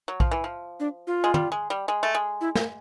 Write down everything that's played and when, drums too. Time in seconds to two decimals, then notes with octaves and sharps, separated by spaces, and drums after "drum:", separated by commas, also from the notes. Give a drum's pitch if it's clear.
0.08 F#3
0.20 F3, drum: kick A#1
0.31 E3
0.44 F3
0.80 D4
1.07 F4
1.24 G#3
1.34 G3, drum: tom
1.52 G#3
1.70 G3
1.88 G#3
2.03 A3
2.15 G#3
2.41 E4
2.55 drum: snare